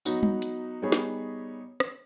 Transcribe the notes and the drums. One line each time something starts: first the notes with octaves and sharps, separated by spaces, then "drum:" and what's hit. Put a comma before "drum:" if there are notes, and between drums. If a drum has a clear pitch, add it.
F#3 B3 D#4 F#4, drum: tambourine
drum: tom G3
drum: hi-hat
G3 B3 D#4 G#4 C#5
drum: snare
drum: rim click